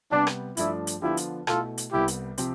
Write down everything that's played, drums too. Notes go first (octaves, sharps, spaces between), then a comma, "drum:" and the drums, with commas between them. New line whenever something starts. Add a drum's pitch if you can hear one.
C3 G3 B3 D4
drum: rim click
G2 F3 A3 D4 E4, drum: hi-hat
drum: hi-hat
D3 F3 B3 D4 E4 F4 G4
drum: hi-hat
B2 A3 E4 F4 A4, drum: rim click
drum: hi-hat
C2 C3 G3 B3 E4 G4
drum: hi-hat
C3 F3 C4 G4, drum: hi-hat